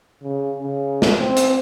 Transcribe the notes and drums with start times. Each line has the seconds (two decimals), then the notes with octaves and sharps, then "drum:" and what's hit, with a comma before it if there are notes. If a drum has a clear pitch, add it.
0.23 C#3
0.60 C#3
1.02 drum: snare
1.19 C4
1.37 drum: hi-hat